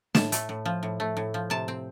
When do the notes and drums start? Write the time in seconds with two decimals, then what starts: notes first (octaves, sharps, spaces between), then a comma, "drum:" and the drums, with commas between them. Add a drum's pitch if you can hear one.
0.15 A2 A5, drum: snare
0.32 A3, drum: hi-hat
0.49 A2
0.66 F3
0.83 A2
1.00 A3
1.17 A2
1.34 F3
1.50 C3 A5
1.68 C4